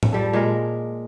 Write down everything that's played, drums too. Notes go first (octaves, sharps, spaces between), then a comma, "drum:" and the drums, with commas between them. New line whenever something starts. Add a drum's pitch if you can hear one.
drum: tom A2
F3 G3 A4
A#2 G#3 A#4